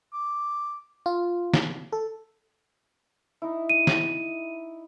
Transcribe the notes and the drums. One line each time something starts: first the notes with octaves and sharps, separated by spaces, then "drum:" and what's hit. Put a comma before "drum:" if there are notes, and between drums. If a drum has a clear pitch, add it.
D6
F4
drum: snare
A4
D#4 E4
D#7
drum: snare